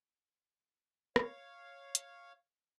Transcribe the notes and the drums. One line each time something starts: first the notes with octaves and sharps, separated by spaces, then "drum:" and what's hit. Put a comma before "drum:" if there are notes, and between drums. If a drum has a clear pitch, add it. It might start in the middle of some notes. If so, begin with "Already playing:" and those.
C#5 F5, drum: rim click
drum: hi-hat